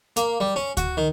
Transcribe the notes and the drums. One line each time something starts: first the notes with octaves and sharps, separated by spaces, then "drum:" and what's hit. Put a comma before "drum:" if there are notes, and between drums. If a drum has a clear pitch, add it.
A#3, drum: hi-hat
G3
C#4
F#4, drum: kick D2, hi-hat
D#3